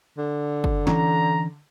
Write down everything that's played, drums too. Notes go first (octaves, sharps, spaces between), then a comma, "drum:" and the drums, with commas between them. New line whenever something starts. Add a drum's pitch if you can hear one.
D3
drum: kick
E3 C#4 A#5, drum: snare